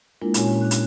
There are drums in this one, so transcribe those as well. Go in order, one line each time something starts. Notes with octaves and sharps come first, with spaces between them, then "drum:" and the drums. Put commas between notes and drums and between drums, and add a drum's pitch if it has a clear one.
G#3 A#3 D4 E4 F4 A#4
A#2 C#4 E4 F#4 C#5 G#5, drum: hi-hat
D4 F#6
drum: hi-hat